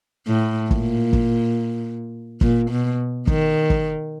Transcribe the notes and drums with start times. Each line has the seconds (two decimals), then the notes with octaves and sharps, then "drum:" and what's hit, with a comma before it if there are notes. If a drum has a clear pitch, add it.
0.28 A2
0.71 A#2, drum: kick
1.13 drum: kick
2.41 A#2, drum: kick
2.70 B2
3.27 D#3, drum: kick
3.70 drum: kick